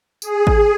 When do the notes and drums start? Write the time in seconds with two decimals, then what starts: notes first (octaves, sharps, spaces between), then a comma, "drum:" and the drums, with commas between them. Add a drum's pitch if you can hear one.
0.22 G#4, drum: tambourine
0.47 drum: kick G#1